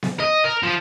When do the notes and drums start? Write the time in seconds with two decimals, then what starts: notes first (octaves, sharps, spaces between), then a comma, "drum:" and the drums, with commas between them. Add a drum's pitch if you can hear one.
0.03 drum: snare B3
0.20 D#5
0.44 A#4
0.63 F3